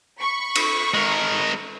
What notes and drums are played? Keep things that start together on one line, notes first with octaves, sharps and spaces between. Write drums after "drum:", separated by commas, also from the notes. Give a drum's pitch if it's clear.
B5 C#6
drum: cymbal
G#3 A#4